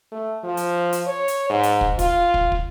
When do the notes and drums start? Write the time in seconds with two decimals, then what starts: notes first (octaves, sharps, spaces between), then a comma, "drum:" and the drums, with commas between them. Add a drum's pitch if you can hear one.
0.12 A3
0.44 F3
0.57 drum: hi-hat
0.93 drum: hi-hat
1.07 C#5
1.28 drum: hi-hat
1.50 G#2
1.63 drum: hi-hat
1.81 drum: kick
1.99 F4, drum: kick, hi-hat
2.34 drum: kick
2.52 drum: kick